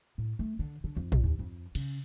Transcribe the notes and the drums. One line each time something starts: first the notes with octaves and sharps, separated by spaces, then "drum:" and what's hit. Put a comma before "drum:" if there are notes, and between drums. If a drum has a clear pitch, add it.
A2
A3
D3
D3
F2
B1, drum: tom
D#2
F2
C#3, drum: cymbal